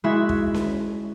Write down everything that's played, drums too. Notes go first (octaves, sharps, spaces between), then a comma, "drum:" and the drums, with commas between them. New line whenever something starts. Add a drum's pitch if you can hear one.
G#3 E4 F#4 E5
drum: kick
drum: snare C#4